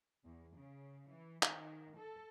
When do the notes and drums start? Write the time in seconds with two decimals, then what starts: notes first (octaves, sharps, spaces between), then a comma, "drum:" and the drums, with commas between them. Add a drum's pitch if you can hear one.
0.24 E2
0.56 C#3
1.08 E3
1.43 D#3, drum: clap
1.98 A4